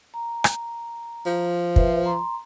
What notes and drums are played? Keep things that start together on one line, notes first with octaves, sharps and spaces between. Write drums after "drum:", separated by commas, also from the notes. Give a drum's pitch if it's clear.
A#5
drum: rim click
F3
B4 C5 E5, drum: kick
A#5 C6